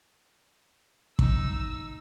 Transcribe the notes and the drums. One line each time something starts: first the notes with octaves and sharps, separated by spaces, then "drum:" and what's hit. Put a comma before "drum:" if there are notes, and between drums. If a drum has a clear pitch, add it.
D#4 E6, drum: kick